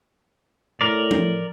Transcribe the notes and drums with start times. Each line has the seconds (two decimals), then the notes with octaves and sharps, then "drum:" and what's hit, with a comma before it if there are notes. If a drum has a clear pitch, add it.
0.81 A2 A#4 D5
1.11 drum: tom F3